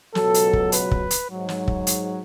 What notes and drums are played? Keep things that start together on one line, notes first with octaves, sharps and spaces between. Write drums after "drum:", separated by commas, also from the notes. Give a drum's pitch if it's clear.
C#2 B2 F#3 A4, drum: snare
drum: hi-hat
drum: kick
B4, drum: hi-hat
drum: kick
drum: hi-hat
G#2 F#3
drum: snare
drum: kick
drum: hi-hat